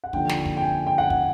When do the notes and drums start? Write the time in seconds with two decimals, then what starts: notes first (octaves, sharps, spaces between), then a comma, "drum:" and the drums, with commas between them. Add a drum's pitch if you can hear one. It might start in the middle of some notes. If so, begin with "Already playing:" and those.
0.04 F#5
0.13 D#2 D3 F3 G5, drum: kick
0.29 drum: snare
0.46 drum: kick
0.57 G5
0.62 G#5
0.86 G5
0.98 F#5
1.10 drum: kick